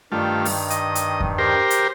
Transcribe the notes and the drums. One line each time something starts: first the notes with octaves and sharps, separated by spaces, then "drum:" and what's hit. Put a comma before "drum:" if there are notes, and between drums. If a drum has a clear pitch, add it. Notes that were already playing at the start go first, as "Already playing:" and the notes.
G2 D#3 G3 A3 F4
drum: open hi-hat
D#5, drum: hi-hat
drum: hi-hat
drum: kick E2
G4 A#4 C5
drum: hi-hat